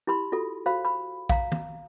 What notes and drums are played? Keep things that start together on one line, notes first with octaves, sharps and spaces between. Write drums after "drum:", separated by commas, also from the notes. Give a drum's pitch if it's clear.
E4 G4 B5 C6
F4 F#4 A4
F#4 C5 F5 B5
B5
F5 A#5, drum: kick
drum: tom